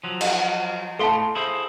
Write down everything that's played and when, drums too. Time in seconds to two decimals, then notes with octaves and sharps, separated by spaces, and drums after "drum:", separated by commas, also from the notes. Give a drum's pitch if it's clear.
0.04 F3 F#3
0.21 drum: cymbal
0.99 A2 A4 F5 A5 C6
1.35 E4 G#4 C5